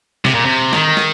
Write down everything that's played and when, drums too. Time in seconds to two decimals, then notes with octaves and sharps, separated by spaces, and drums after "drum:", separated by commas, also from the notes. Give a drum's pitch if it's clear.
0.25 C3, drum: snare
0.35 A#2
0.46 C3
0.73 D#3, drum: snare
0.97 drum: snare